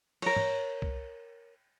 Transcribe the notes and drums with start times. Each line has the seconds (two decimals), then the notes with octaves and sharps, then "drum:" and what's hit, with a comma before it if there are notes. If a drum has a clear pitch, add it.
0.22 A#4 C#5, drum: cymbal
0.36 drum: tom
0.82 drum: kick C2